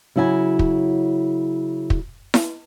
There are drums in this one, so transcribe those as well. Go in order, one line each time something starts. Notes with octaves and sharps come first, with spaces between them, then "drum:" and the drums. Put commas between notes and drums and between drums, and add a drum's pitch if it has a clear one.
C#3 F#3 E4 F#4 G#5
drum: kick
drum: kick
drum: snare E4